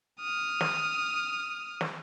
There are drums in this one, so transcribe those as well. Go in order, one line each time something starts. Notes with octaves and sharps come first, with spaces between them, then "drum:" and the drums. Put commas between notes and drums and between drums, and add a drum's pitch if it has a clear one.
D#6 F6
drum: snare
drum: snare